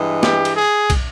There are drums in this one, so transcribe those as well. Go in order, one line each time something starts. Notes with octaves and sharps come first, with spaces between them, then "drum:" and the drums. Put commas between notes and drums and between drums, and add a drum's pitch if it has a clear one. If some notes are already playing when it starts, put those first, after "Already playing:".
Already playing: G2 E3 G#3
G4, drum: snare
drum: cymbal
G#4
drum: kick, cymbal